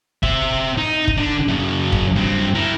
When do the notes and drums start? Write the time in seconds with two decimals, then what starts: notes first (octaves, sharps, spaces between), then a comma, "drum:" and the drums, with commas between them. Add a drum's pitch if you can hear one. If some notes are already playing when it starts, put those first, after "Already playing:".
0.23 C4 E5, drum: kick
0.78 D#4
1.08 drum: kick
1.17 D3 D4
1.48 F#2 C#3
1.92 drum: kick
2.15 G2 C4
2.55 E4 A#4